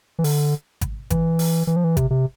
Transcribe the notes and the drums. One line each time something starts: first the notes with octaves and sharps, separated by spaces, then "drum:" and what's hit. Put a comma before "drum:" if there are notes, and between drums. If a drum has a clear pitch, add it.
E3
D3, drum: open hi-hat
drum: kick G#1, hi-hat
E3, drum: kick G#1, hi-hat
drum: open hi-hat
E3
F3
E3
C3, drum: kick G#1, hi-hat
C3